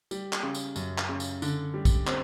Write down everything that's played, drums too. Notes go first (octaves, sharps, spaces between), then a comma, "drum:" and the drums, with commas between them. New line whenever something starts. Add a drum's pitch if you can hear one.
G3, drum: tambourine
drum: clap
C#3
drum: tambourine
F#2, drum: tambourine
drum: clap
C#3
drum: tambourine
D3, drum: tambourine
G3
drum: kick, tambourine
C4, drum: clap